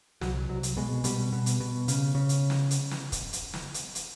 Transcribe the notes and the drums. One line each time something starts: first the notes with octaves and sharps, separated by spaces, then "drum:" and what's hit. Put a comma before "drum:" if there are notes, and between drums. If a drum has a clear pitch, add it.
C2 F#3, drum: snare
C2 F#3
drum: hi-hat
B2 G#3
B2 G3, drum: hi-hat
B2
drum: hi-hat
B2
C#3, drum: hi-hat
C#3
drum: hi-hat
drum: snare
drum: hi-hat
drum: snare
drum: kick, hi-hat
drum: hi-hat
drum: snare
drum: hi-hat
drum: hi-hat